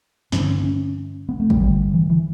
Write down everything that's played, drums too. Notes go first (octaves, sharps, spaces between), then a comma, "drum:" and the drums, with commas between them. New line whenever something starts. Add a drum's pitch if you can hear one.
G2 D3 C#4, drum: snare
D4
C#4
D4
C#4
B3
A3
G3, drum: kick
G2 D3 G3
E3
E3